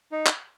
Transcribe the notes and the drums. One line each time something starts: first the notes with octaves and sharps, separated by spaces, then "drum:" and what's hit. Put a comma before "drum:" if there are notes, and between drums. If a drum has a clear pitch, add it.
D#4
drum: clap